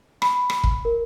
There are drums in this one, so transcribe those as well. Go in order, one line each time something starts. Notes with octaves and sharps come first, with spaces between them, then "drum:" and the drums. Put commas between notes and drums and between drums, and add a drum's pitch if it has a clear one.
B5, drum: rim click
drum: rim click
drum: kick
A#4